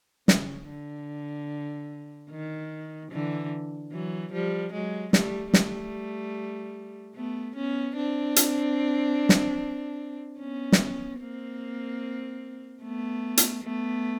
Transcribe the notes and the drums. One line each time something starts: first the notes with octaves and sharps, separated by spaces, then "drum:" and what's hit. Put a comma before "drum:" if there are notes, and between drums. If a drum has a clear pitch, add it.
C#3, drum: snare
D3
D#3
D3 E3
E3 F#3
F3 G3
F#3 G#3
G3 A3, drum: snare
G3 A3, drum: snare
A3 B3
B3 C#4
C4 D4
drum: hi-hat
drum: snare
B3 C#4
drum: snare
A#3 C4
A3 B3
drum: hi-hat
A3 B3